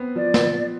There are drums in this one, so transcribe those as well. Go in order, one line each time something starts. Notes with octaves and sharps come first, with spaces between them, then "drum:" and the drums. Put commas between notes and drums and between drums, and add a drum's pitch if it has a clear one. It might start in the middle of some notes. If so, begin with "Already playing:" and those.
Already playing: B3 C4
F3 D5
drum: snare